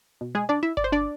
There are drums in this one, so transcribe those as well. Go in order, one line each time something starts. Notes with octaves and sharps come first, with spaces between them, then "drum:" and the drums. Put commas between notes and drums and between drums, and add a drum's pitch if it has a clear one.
B2
G#3 G#4
D4 D5
E4 E5
D5, drum: kick G1
C5
D4 D5